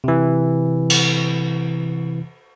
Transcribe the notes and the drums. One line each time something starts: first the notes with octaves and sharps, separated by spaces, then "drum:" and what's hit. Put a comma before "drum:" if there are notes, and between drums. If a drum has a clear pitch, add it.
C3 E3
drum: cymbal